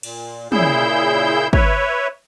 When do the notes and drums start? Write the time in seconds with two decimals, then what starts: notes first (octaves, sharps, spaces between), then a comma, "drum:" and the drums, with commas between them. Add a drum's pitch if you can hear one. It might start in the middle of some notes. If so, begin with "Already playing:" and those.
0.03 A#2, drum: cymbal
0.52 A#2 C#3 E4 G#4 E6 G6, drum: tom
1.53 B4 C#5 E5, drum: kick